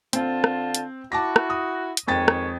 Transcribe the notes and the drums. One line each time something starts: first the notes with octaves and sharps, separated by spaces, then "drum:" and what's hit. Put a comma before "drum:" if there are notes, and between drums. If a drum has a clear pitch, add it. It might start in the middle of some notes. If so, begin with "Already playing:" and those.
D3 C4 F4 A5, drum: hi-hat
drum: rim click
drum: hi-hat
E4 F#4 A5 D6 A#6
drum: rim click
D#6
drum: hi-hat
F2 D#3 G#3 C#5 G5 A6
drum: rim click